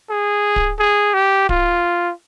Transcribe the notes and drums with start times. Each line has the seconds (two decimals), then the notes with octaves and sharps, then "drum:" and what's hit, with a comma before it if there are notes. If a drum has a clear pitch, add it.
0.10 G#4
0.56 drum: kick D1
0.79 G#4
1.14 G4
1.49 F4, drum: kick D1